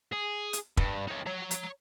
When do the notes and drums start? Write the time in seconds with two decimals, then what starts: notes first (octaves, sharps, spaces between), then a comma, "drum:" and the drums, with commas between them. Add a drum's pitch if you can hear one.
0.12 G#4
0.53 drum: hi-hat
0.77 G2, drum: kick
1.07 D#4 C#5
1.26 C#5 A#5
1.51 drum: hi-hat